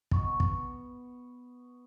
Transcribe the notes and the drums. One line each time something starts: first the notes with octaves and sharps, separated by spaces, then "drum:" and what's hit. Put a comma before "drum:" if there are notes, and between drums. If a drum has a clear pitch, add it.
B3 C#6, drum: kick
drum: kick